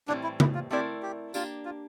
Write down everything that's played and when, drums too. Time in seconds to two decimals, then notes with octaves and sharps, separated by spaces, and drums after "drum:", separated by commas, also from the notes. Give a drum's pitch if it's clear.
0.08 A2 E3 G3 C4 D4
0.23 E4
0.40 E4, drum: tom C#3
0.55 F4
0.71 A3 C4 E4 G4 A#4 D5
1.02 G4
1.34 A#3 D4 F4 G4, drum: tambourine
1.65 F4